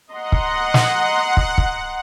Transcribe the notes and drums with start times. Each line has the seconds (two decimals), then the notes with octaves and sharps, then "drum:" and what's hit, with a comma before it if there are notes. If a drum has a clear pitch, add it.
0.11 D#5 F#5 A#5 C6
0.32 drum: kick
0.74 drum: snare
1.37 drum: kick
1.58 drum: kick